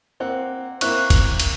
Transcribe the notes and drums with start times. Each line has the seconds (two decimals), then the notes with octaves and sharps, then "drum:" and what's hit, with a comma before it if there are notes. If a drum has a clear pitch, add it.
0.20 A#3 C4 F#5
0.81 A#3 C4 E4 C#6 F#6, drum: cymbal
1.10 drum: kick, cymbal
1.40 drum: cymbal